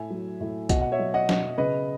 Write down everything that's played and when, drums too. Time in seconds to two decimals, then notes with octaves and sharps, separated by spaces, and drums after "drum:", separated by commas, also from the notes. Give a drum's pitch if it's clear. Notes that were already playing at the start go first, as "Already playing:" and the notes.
Already playing: A2 E5 G#5
0.11 F#3
0.40 A2
0.69 B2 D#5 F#5, drum: kick, hi-hat
0.81 F#5
0.92 C#5 E5
0.99 F#3
1.14 D#5 F#5
1.29 B2, drum: snare
1.58 C#3 B4 D#5